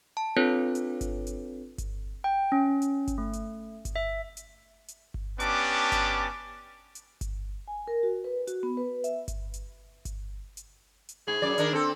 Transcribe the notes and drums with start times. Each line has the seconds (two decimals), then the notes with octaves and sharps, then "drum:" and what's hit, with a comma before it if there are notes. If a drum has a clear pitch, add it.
0.17 A5
0.37 C4 D4 F4 A4 B4 C#5
0.75 drum: hi-hat
1.01 drum: kick G1, hi-hat
1.27 drum: hi-hat
1.78 drum: kick G1, hi-hat
2.24 G5
2.52 C#4
2.82 drum: hi-hat
3.08 drum: kick G1, hi-hat
3.18 A3
3.33 drum: hi-hat
3.85 drum: kick G1, hi-hat
3.96 E5
4.37 drum: hi-hat
4.88 drum: hi-hat
5.14 drum: kick G1
5.40 B3 C#4 D4 G4 A5 D6, drum: hi-hat
5.92 drum: kick G1, hi-hat
6.95 drum: hi-hat
7.21 drum: kick G1, hi-hat
7.68 G#5
7.87 A#4
8.03 F#4
8.24 B4
8.47 F#4, drum: hi-hat
8.63 B3
8.77 B4
9.04 E5, drum: hi-hat
9.28 drum: kick G1, hi-hat
9.54 drum: hi-hat
10.05 drum: kick G1, hi-hat
10.57 drum: hi-hat
11.09 drum: hi-hat
11.27 G#2 G#4
11.42 F#2 D5
11.58 D#3 D4 A#4, drum: hi-hat
11.73 C4 A4